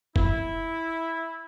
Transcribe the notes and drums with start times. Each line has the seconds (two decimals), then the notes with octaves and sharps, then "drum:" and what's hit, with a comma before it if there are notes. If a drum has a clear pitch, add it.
0.16 E4, drum: kick F1